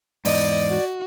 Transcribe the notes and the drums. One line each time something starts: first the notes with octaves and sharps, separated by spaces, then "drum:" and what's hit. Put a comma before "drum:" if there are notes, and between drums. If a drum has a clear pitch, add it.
E2 G#2 D5 D#5, drum: open hi-hat
F#4